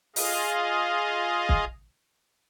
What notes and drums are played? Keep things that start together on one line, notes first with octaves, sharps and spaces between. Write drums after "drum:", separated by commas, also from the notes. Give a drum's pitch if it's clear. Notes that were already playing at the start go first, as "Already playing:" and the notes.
F4 G#4 D#5 F5, drum: open hi-hat
drum: kick